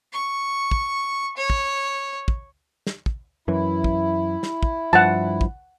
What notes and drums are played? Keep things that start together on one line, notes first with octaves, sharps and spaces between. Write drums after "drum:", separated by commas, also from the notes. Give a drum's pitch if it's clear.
C#6
drum: kick
C#5
drum: kick
drum: kick
drum: snare
drum: kick
F#2 E3 E4
drum: kick
drum: snare
drum: kick
G2 F3 F#5 A5
drum: kick